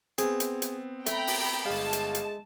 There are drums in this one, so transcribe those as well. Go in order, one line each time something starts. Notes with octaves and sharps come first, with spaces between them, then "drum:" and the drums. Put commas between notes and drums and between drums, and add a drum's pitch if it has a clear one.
B3 C4 G#4, drum: hi-hat
drum: hi-hat
drum: hi-hat
A3 G5 A#5 B5, drum: hi-hat
drum: open hi-hat
G1 G#3 F5 A5
drum: hi-hat
drum: hi-hat